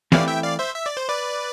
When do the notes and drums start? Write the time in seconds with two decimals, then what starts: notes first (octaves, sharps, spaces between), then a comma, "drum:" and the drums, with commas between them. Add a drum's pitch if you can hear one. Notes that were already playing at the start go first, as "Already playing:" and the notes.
0.12 E3 A3 C4 E4 G4 D5 F5, drum: snare
0.28 E5 G5
0.43 D5 F5
0.59 C5 E5
0.75 E5
0.86 D5
0.97 C5
1.08 B4 D5